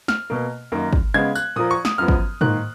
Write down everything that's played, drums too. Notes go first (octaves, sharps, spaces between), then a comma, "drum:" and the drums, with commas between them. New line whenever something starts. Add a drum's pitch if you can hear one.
F6, drum: snare
B2 A#3
F#2 D#3 A#3
drum: kick
C#3 G#3 B3 G#6
F#6, drum: tambourine
A#2 F3 A#3 D#6
C#6
D#6, drum: snare
F#2 F3 B3 F6
drum: kick
G#2 D#3 A#3 F#6, drum: tom A2